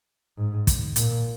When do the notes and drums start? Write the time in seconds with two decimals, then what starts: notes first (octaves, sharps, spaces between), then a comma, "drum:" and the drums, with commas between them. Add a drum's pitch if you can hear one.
0.38 G#2
0.67 drum: kick, hi-hat
0.96 A#2, drum: hi-hat